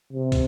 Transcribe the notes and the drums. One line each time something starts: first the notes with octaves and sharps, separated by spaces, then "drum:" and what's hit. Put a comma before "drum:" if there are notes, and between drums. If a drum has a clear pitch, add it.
C3
drum: kick, hi-hat